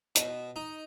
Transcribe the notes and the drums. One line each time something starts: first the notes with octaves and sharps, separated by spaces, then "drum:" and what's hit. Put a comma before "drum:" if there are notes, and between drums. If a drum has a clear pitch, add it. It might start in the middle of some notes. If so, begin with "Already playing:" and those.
B2, drum: hi-hat
D#4